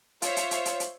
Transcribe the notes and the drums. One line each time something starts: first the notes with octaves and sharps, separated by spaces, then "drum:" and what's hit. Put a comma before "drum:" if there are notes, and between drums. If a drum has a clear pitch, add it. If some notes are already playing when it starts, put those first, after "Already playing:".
F4 C5 C#5 E5, drum: hi-hat
drum: hi-hat
drum: hi-hat
drum: hi-hat
drum: hi-hat